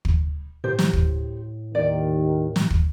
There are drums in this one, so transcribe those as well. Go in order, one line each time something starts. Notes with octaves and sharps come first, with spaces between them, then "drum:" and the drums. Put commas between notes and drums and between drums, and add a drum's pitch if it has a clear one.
drum: kick
A2 G4 C5
drum: snare
drum: kick
D#2 D#3 D5
drum: snare
drum: kick